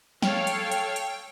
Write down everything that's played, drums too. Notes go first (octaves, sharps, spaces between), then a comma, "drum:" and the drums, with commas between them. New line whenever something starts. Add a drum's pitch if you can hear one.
A4 C#5 F5 G5, drum: snare
drum: hi-hat
drum: hi-hat
drum: hi-hat